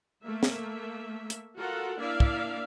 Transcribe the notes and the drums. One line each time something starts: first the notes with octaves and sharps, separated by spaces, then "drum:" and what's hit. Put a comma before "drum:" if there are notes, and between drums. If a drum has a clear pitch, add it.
A3 A#3 E5
drum: snare
drum: hi-hat
F4 F#4 A4 A#4 F#5
A#3 D4 E4 D5 E5 F5
drum: kick